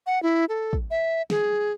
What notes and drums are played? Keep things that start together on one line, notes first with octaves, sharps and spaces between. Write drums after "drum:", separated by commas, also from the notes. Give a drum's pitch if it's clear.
F#5
E4
A4
drum: kick
E5
G#4, drum: snare